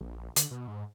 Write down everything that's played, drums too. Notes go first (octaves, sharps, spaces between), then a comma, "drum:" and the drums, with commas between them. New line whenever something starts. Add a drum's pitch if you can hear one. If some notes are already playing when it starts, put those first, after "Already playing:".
A#1
D3, drum: hi-hat
B2
G#2